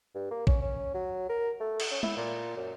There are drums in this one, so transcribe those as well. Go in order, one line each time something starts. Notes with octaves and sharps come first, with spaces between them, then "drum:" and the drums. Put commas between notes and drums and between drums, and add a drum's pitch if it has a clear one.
G2
A#3
C#4, drum: kick
C#4
F#3
A#4
A3
drum: cymbal
C#4
E4, drum: tom G#3
A#2
F#2